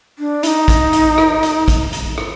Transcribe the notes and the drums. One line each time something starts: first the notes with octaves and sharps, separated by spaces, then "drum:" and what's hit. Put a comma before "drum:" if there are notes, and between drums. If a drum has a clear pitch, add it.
D4
E4, drum: hi-hat
D#4
drum: kick, hi-hat
drum: hi-hat
drum: rim click
drum: hi-hat
drum: kick, hi-hat
drum: hi-hat
drum: rim click